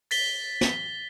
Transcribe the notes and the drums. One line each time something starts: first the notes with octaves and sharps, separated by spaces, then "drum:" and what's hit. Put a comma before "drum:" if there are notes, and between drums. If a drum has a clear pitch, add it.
A6 B6 G7, drum: open hi-hat
drum: snare